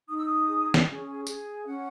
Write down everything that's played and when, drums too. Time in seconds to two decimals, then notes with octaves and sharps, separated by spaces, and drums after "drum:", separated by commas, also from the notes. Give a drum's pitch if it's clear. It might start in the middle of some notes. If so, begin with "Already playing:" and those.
0.08 D#4 D#6
0.17 E6
0.25 D#6
0.47 G#4
0.74 drum: snare
0.87 C#4
1.27 G#4, drum: tambourine
1.66 C#4 F#5